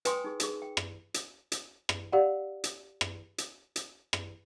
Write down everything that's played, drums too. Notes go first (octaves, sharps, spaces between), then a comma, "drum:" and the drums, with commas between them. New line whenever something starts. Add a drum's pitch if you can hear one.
B4 G5 G#5 C6 D#6, drum: hi-hat
D#4 G#4
D#4 G#4, drum: hi-hat
G5
drum: rim click
drum: hi-hat
drum: hi-hat
drum: rim click
G4 D5 F5 F#5
drum: hi-hat
drum: rim click
drum: hi-hat
drum: hi-hat
drum: rim click